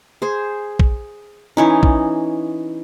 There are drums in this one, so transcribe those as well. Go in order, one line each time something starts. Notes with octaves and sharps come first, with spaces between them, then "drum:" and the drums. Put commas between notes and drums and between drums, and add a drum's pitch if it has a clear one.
G#4 C5
drum: kick A#1
E3 C#4 D#4
drum: kick A#1